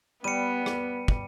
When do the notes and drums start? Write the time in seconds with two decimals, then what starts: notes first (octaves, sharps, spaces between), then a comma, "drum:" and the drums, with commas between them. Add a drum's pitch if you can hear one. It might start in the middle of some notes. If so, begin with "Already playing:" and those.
0.24 G3 B3 C#7 D#7
0.66 drum: rim click
1.08 drum: kick